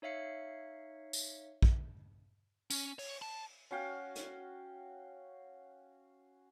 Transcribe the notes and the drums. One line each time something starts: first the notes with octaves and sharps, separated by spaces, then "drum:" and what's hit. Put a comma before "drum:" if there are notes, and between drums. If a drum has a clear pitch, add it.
D#4 C#5 E5 F5 C#7
drum: tambourine
drum: kick
C#4, drum: tambourine
C#5, drum: open hi-hat
A5
C#4 F#4 F5 G5
drum: hi-hat